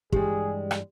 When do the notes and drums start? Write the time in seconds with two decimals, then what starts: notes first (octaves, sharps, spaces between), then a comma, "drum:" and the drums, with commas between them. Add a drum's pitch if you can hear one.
0.12 G2 E3 G3 G#3 G4 G#4, drum: kick
0.71 drum: rim click